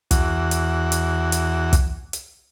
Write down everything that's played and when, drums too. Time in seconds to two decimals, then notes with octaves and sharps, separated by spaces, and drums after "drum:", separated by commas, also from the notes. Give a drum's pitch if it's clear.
0.11 E2 F#4, drum: kick, hi-hat
0.51 drum: hi-hat
0.92 drum: hi-hat
1.32 drum: hi-hat
1.73 drum: kick, hi-hat
2.13 drum: hi-hat